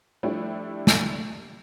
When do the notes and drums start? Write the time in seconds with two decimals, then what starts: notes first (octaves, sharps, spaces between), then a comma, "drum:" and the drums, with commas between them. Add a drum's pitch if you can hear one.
0.23 F3 G3 A3 D4 E4
0.87 drum: snare